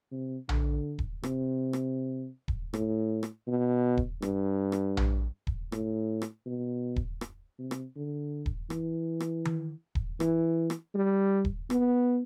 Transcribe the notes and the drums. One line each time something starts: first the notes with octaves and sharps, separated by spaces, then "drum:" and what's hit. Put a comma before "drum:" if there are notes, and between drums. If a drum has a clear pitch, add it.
C3
D3, drum: tom A#1
drum: kick D#1
C3, drum: rim click
drum: rim click
drum: kick D#1
A2, drum: rim click
drum: rim click
B2
drum: kick D#1
G2, drum: rim click
drum: rim click
drum: tom A#1
drum: kick D#1
A2, drum: rim click
drum: rim click
B2
drum: kick D#1
drum: rim click
C3
drum: rim click
D3
drum: kick D#1
E3, drum: rim click
drum: rim click
drum: tom D#3
drum: kick D#1
E3, drum: rim click
drum: rim click
G3
drum: kick D#1
B3, drum: rim click